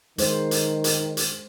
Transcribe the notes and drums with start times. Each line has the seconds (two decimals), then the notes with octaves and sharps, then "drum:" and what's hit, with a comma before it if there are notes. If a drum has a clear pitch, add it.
0.18 D#3 G#3 C5, drum: hi-hat
0.51 drum: hi-hat
0.84 drum: hi-hat
1.17 drum: hi-hat